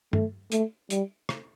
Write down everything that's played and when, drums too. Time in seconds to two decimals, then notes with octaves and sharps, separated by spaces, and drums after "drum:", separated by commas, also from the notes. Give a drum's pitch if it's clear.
0.13 A3, drum: tom
0.52 A3, drum: hi-hat
0.90 G3, drum: hi-hat
1.29 drum: rim click